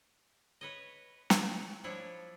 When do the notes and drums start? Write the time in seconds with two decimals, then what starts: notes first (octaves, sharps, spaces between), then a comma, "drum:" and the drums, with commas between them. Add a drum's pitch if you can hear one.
0.61 B4 C#5 D#5
1.30 C#5, drum: snare
1.84 F3 D4 E4 C#5